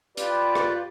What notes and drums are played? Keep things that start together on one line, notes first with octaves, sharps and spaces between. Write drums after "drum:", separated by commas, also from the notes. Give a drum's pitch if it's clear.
F4 G4 B4 D5, drum: hi-hat
drum: rim click